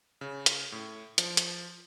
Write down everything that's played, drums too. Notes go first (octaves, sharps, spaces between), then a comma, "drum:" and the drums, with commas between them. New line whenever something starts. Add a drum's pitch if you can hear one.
C#3
drum: hi-hat
A2
F3, drum: hi-hat
drum: hi-hat